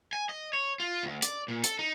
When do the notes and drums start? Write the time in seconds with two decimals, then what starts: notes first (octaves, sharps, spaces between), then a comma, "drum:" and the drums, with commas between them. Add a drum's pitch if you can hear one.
0.13 G#5
0.29 D#5
0.53 C#5
0.80 F4
1.03 D2
1.22 D5, drum: hi-hat
1.48 A#2
1.64 A4, drum: hi-hat
1.79 D#4